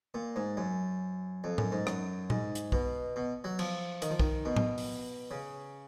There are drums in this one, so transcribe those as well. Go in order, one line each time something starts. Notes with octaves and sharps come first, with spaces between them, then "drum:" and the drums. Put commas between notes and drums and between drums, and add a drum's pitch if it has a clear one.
A#2
G#2
F#2
F2
F#2, drum: tom A2
G#2
F#2, drum: rim click
G#2, drum: tom A#2
drum: hi-hat
B2, drum: kick
B2
F#3
F3, drum: cymbal
D#3, drum: hi-hat
F3
D#3, drum: kick
B2
drum: tom A2
drum: open hi-hat
C#3